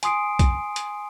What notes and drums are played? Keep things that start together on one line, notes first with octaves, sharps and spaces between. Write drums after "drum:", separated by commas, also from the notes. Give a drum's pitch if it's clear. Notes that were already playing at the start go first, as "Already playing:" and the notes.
G#5 C6 D#6 C7 D7, drum: hi-hat
drum: kick, hi-hat
drum: hi-hat